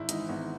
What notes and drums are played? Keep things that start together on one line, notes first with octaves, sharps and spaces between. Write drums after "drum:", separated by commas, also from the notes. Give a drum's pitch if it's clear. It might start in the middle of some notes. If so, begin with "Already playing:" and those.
Already playing: G#1 E4
G#2 E3 D#4, drum: hi-hat
G#1 B3